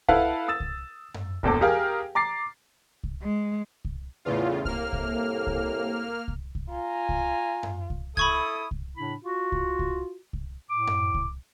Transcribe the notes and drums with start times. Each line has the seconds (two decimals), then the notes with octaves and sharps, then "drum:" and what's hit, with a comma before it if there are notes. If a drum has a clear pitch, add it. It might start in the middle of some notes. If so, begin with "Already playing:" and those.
0.08 E4 A4 B4 F5 F#5, drum: kick C2
0.48 D#6 E6 A6 E7
0.60 drum: kick C2
1.14 drum: tom F#2
1.43 E1 A#1 E2 A4 D6, drum: kick C2
1.61 G4 G#4 A#4 F5 G5 G#5
2.15 A#5 D6 A6 C7
3.04 drum: kick C2
3.22 G#3
3.85 drum: kick C2
4.25 E2 A2 C#3 F4
4.65 C2 A2 A#3 F6, drum: kick C2
4.93 drum: kick C2
5.47 drum: kick C2
6.28 drum: kick C2
6.55 drum: kick C2
6.70 F4 G#5 A#5
7.09 drum: kick C2
7.63 drum: tom F#2
7.90 drum: kick C2
8.17 E4 A4 B5 C#6 D#6 G#6, drum: kick C2
8.71 drum: kick C2
8.97 A2 C#3 D4 E4 B5
9.23 F4 F#4
9.52 drum: kick C2
9.79 drum: kick C2
10.33 drum: kick C2
10.70 A2 D6
10.87 drum: tom F#2
11.14 drum: kick C2